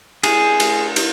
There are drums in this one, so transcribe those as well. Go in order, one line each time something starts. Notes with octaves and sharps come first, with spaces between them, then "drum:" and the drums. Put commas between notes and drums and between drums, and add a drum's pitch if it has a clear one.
G#4, drum: cymbal
drum: cymbal
drum: cymbal